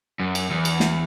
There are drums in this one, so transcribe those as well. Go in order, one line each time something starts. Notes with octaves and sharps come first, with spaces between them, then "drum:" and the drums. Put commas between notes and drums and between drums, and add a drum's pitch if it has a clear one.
F#2
drum: cymbal
E2
drum: cymbal
drum: snare